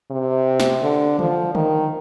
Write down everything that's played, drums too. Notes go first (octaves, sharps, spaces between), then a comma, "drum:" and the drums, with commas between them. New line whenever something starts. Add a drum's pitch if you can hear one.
C3
drum: snare
D3
F3, drum: tom
D#3, drum: tom